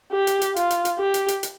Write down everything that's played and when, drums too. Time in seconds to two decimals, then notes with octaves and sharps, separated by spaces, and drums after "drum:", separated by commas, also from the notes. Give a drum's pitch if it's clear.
0.12 G4
0.27 drum: hi-hat
0.41 drum: hi-hat
0.56 F4, drum: hi-hat
0.70 drum: hi-hat
0.85 drum: hi-hat
0.99 G4
1.14 drum: hi-hat
1.28 drum: hi-hat
1.43 drum: hi-hat